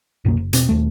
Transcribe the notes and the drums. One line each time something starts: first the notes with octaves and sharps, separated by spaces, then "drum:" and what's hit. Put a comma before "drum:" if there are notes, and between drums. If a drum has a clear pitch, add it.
C2 F#2 B2 A#3
F#1
E1 B2 C4, drum: hi-hat
D#1 D#2 A3